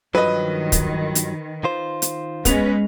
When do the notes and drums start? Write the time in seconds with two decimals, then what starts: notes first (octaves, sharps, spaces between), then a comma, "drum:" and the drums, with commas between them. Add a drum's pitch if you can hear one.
0.15 G2 D#3 F3 F#3 B4 D#5
0.72 drum: kick, hi-hat
1.15 drum: hi-hat
1.64 D#3 F4 C5
2.02 drum: hi-hat
2.45 G#3 B3 C#4 B4 F7, drum: kick, hi-hat